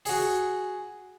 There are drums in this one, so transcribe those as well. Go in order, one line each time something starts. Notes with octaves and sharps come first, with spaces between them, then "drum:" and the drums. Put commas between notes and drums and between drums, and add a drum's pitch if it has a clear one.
F#4 G#4, drum: open hi-hat